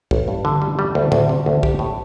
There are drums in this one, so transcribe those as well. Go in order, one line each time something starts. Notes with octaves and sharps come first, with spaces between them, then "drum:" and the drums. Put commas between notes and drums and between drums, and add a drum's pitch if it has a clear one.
A1, drum: kick
G2
D3
G3
G3
D2
D2, drum: tom A2
C3
D2
G4, drum: kick
A2